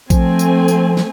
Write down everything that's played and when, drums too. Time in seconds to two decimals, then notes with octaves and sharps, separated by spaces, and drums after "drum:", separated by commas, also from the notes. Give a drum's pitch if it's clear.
0.10 F3 A3 C4 G#5, drum: kick, tambourine
0.39 drum: tambourine
0.68 drum: tambourine
0.97 drum: snare